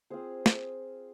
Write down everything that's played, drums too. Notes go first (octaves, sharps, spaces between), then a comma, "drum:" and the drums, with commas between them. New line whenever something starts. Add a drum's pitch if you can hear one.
C4 F4 G#4 C5
drum: snare